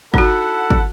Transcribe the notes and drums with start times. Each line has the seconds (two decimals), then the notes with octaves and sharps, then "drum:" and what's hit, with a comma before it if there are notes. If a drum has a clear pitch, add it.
0.14 D#4 E4 F#4 A4 F#5, drum: kick
0.70 drum: kick